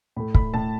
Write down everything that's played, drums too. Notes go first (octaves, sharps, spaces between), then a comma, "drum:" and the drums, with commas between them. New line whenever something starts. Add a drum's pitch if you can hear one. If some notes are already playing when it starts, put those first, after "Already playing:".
A2 A3 B5
B5, drum: kick
A2 A3 A5